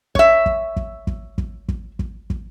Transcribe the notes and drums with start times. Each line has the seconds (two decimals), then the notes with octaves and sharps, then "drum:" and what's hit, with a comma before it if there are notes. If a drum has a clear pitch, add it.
0.15 C#5 E5, drum: kick
0.46 drum: kick
0.76 drum: kick
1.07 drum: kick
1.38 drum: kick
1.68 drum: kick
1.99 drum: kick
2.30 drum: kick